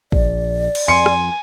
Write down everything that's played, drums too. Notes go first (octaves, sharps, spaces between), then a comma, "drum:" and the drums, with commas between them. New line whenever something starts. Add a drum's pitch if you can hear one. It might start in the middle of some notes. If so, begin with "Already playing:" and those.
A#1 D5, drum: kick
drum: cymbal
F2 G#5 C6 C#7
drum: rim click